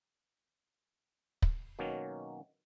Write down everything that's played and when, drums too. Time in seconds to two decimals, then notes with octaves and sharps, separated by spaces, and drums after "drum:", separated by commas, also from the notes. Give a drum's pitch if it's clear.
1.42 drum: kick
1.79 B2 D#3 F#3 A#3 C#4